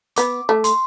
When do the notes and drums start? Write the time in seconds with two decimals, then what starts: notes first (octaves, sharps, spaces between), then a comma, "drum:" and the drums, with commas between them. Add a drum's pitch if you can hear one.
0.16 B3 D6, drum: hi-hat
0.49 A3
0.64 C6, drum: hi-hat